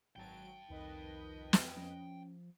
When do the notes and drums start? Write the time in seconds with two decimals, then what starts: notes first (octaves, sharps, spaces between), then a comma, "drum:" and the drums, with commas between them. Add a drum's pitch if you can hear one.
0.16 G#1 F#3 G5 A5 D7
0.70 C2 F2 D#3 B4 D#5
1.53 drum: snare
1.77 F3 C#4